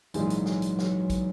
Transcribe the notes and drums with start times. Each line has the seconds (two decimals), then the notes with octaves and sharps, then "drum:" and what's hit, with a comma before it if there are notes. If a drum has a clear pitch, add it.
0.14 A#1 G#2 E3 F#3 G#3 D#4, drum: hi-hat
0.30 drum: hi-hat
0.46 F#3, drum: snare
0.62 drum: hi-hat
0.79 F#3, drum: snare
0.99 F#3
1.10 drum: kick, hi-hat